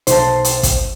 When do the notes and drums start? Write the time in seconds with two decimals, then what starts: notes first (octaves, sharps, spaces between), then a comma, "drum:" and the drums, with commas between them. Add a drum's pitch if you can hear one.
0.07 B1 C5 A5, drum: hi-hat
0.44 drum: hi-hat
0.63 drum: kick, hi-hat